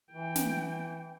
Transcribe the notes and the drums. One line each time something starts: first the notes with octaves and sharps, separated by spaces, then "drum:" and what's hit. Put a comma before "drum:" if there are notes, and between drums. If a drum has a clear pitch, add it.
E3 G5
drum: snare